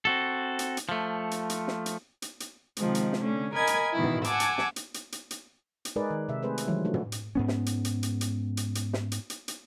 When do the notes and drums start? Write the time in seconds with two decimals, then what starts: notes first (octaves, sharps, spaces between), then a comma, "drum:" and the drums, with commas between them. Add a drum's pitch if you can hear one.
0.05 C4 F#4 A4
0.59 drum: hi-hat
0.77 drum: hi-hat
0.89 F3 A3
1.31 drum: hi-hat
1.50 drum: hi-hat
1.68 drum: snare
1.86 drum: hi-hat
2.22 drum: hi-hat
2.40 drum: hi-hat
2.77 C3 D#3 F3 G#3, drum: hi-hat
2.95 drum: hi-hat
3.13 drum: snare
3.22 D3 A3 C#4
3.53 A#4 D#5 G#5 B5 G#6
3.67 drum: hi-hat
3.92 B2 D#3 E3 E4
4.04 drum: tom
4.24 F#5 G#5 A5 D6 E6, drum: hi-hat
4.40 drum: hi-hat
4.58 drum: snare
4.76 drum: hi-hat
4.94 drum: hi-hat
5.12 drum: hi-hat
5.31 drum: hi-hat
5.85 drum: hi-hat
5.96 G#3 D#4 G#4 A#4 B4 D5
6.10 D#3
6.29 C3 E5
6.43 A3 C4 G#4 B4 C5
6.58 drum: hi-hat
6.67 D#3 E3 F#3 G#3 E4
6.85 F3 A3 D4 F#4
6.94 drum: tom
7.12 drum: hi-hat
7.35 G#2 B3 C#4
7.48 drum: snare
7.66 drum: hi-hat
7.85 drum: hi-hat
8.03 drum: hi-hat
8.21 drum: hi-hat
8.57 drum: hi-hat
8.75 drum: hi-hat
8.93 drum: snare
9.12 drum: hi-hat
9.30 drum: hi-hat
9.48 drum: hi-hat